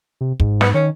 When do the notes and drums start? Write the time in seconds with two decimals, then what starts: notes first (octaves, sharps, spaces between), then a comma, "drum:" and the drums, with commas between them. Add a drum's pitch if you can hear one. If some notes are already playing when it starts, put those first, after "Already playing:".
0.21 C3
0.40 G#2, drum: kick
0.61 B3, drum: snare
0.74 D#3 C#4